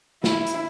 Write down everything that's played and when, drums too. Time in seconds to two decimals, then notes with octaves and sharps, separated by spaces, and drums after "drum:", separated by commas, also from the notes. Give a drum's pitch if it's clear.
0.24 E4, drum: snare
0.46 drum: hi-hat